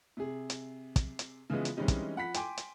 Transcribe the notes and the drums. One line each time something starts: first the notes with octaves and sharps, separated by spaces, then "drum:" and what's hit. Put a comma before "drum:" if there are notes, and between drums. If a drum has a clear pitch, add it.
C3 G#4
drum: hi-hat
drum: kick, hi-hat
drum: hi-hat
C#3 E3 F3 G#3 B3
drum: hi-hat
E3 G3 G#3 C4 C#4 D#4
drum: kick, hi-hat
F3 F#5 B5 B6
G5 G#5 C6 D6, drum: hi-hat
drum: hi-hat